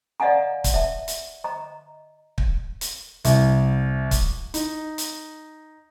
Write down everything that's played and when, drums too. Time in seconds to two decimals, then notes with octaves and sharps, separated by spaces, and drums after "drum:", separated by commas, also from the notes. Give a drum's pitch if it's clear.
0.20 D5 D#5 F5 F#5 G#5 A#5
0.64 drum: kick, hi-hat
0.74 E5 A5
1.08 drum: hi-hat
1.44 D#5 A#5
2.38 drum: kick
2.81 drum: hi-hat
3.24 C2, drum: hi-hat
4.11 drum: kick, hi-hat
4.54 D#4, drum: hi-hat
4.98 drum: hi-hat